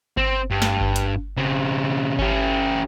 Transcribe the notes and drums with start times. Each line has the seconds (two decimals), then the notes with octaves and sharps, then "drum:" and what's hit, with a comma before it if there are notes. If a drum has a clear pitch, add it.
0.17 C4, drum: kick G1
0.50 G2
0.62 drum: snare
0.81 drum: kick G1
0.96 drum: hi-hat
1.37 C#3 C4
2.19 C#4 G4, drum: kick G1